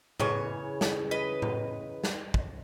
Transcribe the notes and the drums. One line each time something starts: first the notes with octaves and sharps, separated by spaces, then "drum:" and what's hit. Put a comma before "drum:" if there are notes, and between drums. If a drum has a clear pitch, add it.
C#3 E3 C#5, drum: tom A2
drum: snare
B4 D#5
drum: tom A2
drum: snare
drum: kick